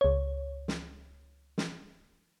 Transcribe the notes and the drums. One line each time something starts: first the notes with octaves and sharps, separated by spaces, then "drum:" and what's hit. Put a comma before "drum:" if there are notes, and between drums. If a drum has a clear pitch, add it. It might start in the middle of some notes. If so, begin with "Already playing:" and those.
C#2 C#5
drum: snare
drum: snare